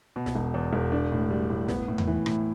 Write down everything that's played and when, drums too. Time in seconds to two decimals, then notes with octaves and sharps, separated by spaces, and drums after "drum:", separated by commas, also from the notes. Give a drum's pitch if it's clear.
0.16 B2
0.26 drum: snare
0.35 E1
0.54 E2
0.73 E1
0.92 D4
1.12 A2
1.30 G3
1.50 A2
1.68 B3, drum: snare
1.88 A2
1.98 drum: tom E2
2.07 E3
2.26 A2, drum: rim click